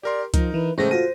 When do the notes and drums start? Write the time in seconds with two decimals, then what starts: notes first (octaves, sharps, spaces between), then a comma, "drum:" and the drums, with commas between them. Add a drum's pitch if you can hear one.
0.03 G4 A#4 D5 C6
0.34 F3 D#4 A#4, drum: kick C#2, hi-hat
0.54 E3 B4
0.78 A2 C#3 E3 G#3 A3 C#4 C5 A#6
0.91 F4 F#4 A4 A#6 D#7